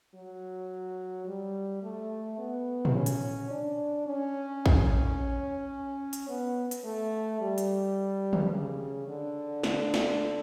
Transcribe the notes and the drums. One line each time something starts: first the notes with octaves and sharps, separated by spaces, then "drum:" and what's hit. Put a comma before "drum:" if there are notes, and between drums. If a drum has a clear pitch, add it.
F#3
G3
A3
B3
drum: tom
C#4
drum: hi-hat
D4
C#4
drum: kick
drum: hi-hat
B3
drum: hi-hat
A3
G3
drum: hi-hat
drum: tom
C#3
D3
D3, drum: snare
drum: snare